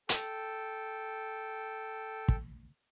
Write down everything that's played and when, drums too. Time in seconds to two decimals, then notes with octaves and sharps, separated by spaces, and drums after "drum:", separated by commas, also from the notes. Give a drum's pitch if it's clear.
0.09 A4 G5, drum: hi-hat
2.28 drum: kick